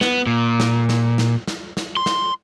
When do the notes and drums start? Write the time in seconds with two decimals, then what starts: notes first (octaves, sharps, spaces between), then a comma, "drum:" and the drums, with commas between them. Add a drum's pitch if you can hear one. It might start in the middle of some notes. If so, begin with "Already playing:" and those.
0.01 B3, drum: snare
0.27 A#2
0.60 drum: snare
0.89 drum: snare
1.18 drum: snare
1.48 drum: snare
1.77 drum: snare
1.97 C6
2.06 drum: snare